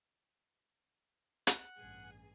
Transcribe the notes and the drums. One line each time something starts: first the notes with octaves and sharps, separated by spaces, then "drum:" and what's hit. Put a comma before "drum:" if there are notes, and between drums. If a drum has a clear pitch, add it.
F#5, drum: hi-hat
A1 G2 G#4